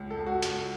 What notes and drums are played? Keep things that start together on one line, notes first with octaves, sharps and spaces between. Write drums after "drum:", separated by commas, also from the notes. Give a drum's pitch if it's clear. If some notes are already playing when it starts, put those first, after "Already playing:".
Already playing: C#2
A4
C#2
F#4
C#2, drum: hi-hat